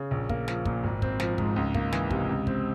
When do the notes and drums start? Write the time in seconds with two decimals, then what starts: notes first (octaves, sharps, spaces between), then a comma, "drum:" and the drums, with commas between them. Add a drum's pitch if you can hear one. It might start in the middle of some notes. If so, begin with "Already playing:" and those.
Already playing: C#3
0.11 A#1
0.29 A#3, drum: kick
0.48 F3, drum: snare
0.65 A#2, drum: kick
0.84 G#1
1.02 C4, drum: kick
1.20 F3, drum: snare
1.38 G#2, drum: kick
1.56 C#2
1.74 A#3, drum: kick
1.92 E3, drum: snare
2.11 C3, drum: kick
2.29 C#2
2.47 C4, drum: kick